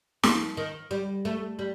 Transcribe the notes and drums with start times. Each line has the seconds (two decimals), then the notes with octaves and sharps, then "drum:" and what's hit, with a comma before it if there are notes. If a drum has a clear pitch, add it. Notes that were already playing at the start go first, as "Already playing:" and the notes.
0.23 F3, drum: snare
0.57 D#3
0.91 G3
1.25 A3
1.59 G3